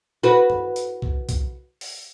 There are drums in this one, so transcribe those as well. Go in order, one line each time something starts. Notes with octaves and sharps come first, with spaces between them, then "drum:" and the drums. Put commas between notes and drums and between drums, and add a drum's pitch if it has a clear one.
F#4 B4
drum: tom G2
drum: hi-hat
drum: kick
drum: kick, hi-hat
drum: open hi-hat